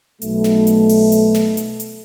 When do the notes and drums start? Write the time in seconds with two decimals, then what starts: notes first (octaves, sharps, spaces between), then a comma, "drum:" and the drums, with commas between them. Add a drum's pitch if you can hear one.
0.22 B1 B2 A3, drum: hi-hat
0.44 drum: snare
0.67 drum: hi-hat
0.89 drum: open hi-hat
1.12 drum: hi-hat
1.34 drum: snare
1.57 drum: hi-hat
1.80 drum: hi-hat